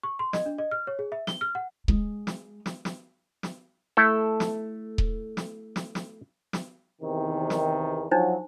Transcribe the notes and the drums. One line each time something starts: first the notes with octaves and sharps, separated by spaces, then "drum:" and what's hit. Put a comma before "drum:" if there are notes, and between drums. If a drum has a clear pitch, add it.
C#6
C6
D#5, drum: snare
D4
D#5
F6
C#5
G#4
E5
G7, drum: snare
F6
F#5
G#3, drum: kick D#1
drum: snare
drum: snare
drum: snare
drum: snare
A3 E4 A4
drum: snare
drum: kick D#1
drum: snare
drum: snare
drum: snare
drum: snare
E2 C3 D#3
drum: snare
F3 F#3 D4 D#4 C5